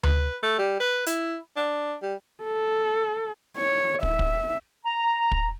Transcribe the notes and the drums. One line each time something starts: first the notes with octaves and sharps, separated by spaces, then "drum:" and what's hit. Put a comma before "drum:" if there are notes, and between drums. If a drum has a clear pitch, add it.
B4, drum: tom D2
A3
G3
B4
E4, drum: hi-hat
D4
G3
A4
C#5
E5, drum: kick
drum: kick
A#5
drum: kick